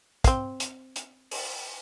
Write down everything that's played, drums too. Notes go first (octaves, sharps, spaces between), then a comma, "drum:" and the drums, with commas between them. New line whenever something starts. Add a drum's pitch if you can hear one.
C4 F5, drum: kick, hi-hat
drum: hi-hat
drum: hi-hat
drum: open hi-hat